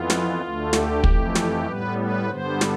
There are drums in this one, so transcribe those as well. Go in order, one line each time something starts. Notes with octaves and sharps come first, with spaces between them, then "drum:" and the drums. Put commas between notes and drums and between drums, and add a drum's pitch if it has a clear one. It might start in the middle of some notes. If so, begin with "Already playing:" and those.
Already playing: F2 E3 B3 F4
drum: snare
D2 D3 A3
G4, drum: snare
F2 E3 A3, drum: kick
drum: snare
A2 G3 B3 B4
B4
G2 D3 G3 B3 C5
drum: snare